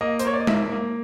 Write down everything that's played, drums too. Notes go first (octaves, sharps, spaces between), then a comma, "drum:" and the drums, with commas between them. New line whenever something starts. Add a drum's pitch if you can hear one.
A#3 D#5
C5, drum: hi-hat
A#3 C#5
D5
D#5
A#3 E5, drum: tom G#3
A#3